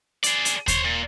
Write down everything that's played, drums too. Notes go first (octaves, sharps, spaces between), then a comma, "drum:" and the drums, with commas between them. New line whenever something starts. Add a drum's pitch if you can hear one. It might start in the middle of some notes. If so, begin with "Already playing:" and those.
G#4 D5, drum: hi-hat
drum: hi-hat
C5 C#5, drum: kick D#2, hi-hat
A#2